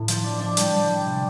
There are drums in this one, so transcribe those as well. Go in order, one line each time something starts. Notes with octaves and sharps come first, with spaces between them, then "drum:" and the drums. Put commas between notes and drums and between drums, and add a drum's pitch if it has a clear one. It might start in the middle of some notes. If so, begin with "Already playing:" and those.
Already playing: A2
F3, drum: hi-hat
D4
D4
G3, drum: hi-hat
G3
G3
C3